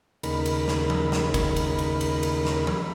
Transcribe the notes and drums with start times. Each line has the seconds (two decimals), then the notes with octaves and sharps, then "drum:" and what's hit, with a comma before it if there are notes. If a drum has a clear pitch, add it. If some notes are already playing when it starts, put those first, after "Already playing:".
0.23 D#2 C#3 D#4 A#4 B5, drum: cymbal
0.46 drum: cymbal
0.68 drum: snare
0.90 drum: tom F3
1.12 drum: snare
1.34 drum: kick, cymbal
1.56 drum: cymbal
1.79 drum: cymbal
2.01 drum: cymbal
2.23 drum: cymbal
2.45 drum: snare
2.67 drum: tom F3